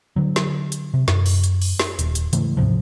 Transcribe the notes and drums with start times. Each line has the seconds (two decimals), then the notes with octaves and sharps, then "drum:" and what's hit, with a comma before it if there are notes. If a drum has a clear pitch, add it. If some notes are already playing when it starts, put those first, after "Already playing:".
0.16 D3 F#3
0.36 drum: snare
0.72 drum: hi-hat
0.94 C3
1.08 F#2, drum: snare
1.26 drum: open hi-hat
1.44 drum: hi-hat
1.62 drum: open hi-hat
1.79 drum: snare
1.99 D#1, drum: hi-hat
2.15 drum: hi-hat
2.33 G#2 C#3 E3 A3, drum: hi-hat
2.57 D2 G#2 C3 F3